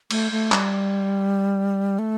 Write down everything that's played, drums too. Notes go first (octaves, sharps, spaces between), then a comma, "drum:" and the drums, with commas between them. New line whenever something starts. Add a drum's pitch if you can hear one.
A3, drum: cymbal
A3
G3, drum: clap
A3